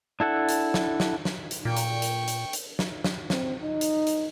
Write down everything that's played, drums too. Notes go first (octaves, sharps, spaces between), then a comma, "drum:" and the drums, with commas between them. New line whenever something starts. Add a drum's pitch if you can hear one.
D4 E4 A4 F#5
drum: hi-hat
drum: snare
drum: snare
drum: snare
drum: hi-hat
A#2 G5 C#6
drum: hi-hat
drum: hi-hat
drum: hi-hat
drum: hi-hat
drum: snare
drum: snare
C4, drum: snare
D#4
drum: hi-hat
drum: hi-hat